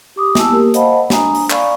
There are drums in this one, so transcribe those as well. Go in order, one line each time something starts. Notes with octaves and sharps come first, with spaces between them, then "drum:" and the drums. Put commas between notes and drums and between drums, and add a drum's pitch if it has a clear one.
G4 D6 D#6
B3 E4 G#5 A5 E6, drum: snare
A#3 G4 A#4
C5 D#5 F5 F#5 A5 B5, drum: hi-hat
D4 G#5 A#5 D#6, drum: snare
drum: open hi-hat
D5 F5 G#5 B5 C#6, drum: clap